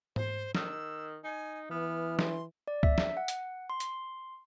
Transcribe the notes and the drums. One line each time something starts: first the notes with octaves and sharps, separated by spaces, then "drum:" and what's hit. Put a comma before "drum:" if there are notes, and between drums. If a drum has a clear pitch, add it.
C5, drum: tom G#2
D#3 E6, drum: snare
D#4 G#5
E3 B3 F6
C6, drum: snare
D5
E5, drum: kick
drum: snare
F#5
drum: hi-hat
C6
drum: hi-hat